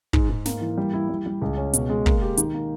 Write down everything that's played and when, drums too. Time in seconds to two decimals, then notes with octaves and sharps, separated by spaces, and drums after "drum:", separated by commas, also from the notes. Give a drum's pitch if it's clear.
0.13 G#2, drum: kick
0.30 G#2
0.45 A#3, drum: snare
0.61 E3
0.77 G3
0.93 E4
1.09 G3
1.26 G3
1.42 C#2
1.57 C#4
1.73 B2, drum: hi-hat
1.89 G#3
2.06 A#3, drum: kick
2.22 G4
2.37 D#3, drum: hi-hat
2.54 A#3